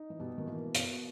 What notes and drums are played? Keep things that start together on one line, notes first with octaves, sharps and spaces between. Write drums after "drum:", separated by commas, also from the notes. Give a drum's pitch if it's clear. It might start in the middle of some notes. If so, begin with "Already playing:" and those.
Already playing: D#4
E3
B2 G3
D#3
E3 A#3
B2, drum: hi-hat